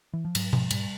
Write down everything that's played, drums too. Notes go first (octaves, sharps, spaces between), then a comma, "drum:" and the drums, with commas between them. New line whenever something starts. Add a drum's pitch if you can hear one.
E3
F3
G#2 F#3, drum: cymbal
G#2 F3, drum: tom B2
G#2 G3, drum: cymbal